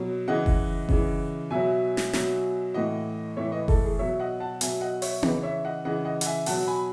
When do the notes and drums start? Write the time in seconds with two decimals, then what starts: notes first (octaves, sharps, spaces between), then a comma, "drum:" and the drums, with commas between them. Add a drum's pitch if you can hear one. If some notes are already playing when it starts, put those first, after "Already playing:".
Already playing: B2 F#3
0.27 C#3 E3 D#5 F#5
0.46 drum: kick F#1
0.89 C#3 E3, drum: kick F#1
1.51 B2 F#3 E5 G#5
1.97 drum: snare
2.13 B2 F#3, drum: snare
2.74 A2 E3 D#5 F#5
3.37 A2 E3 C#5 E5
3.52 B4 D#5
3.68 A4, drum: kick F#1
3.84 G#4
3.99 B2 F#3 C#5 E5
4.20 D#5 F#5
4.40 F#5 A5
4.61 B2 F#3 E5 G#5, drum: hi-hat
4.81 D#5 F#5
5.02 C#5 E5, drum: open hi-hat
5.23 C#3 E3 B4 D#5, drum: tom B3
5.43 C#5 E5
5.65 D#5 F#5
5.85 C#3 E3 D#5 F#5
6.05 D#5 F#5
6.21 F#5, drum: hi-hat
6.25 E5 G#5
6.46 B2 F#3 F#5 A5, drum: open hi-hat
6.67 G#5 B5